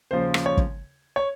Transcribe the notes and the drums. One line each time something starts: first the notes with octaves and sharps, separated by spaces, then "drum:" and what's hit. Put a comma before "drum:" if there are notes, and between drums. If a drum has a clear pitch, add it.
D#2 C#3 F3 C5
drum: rim click
C#5
drum: kick
C#5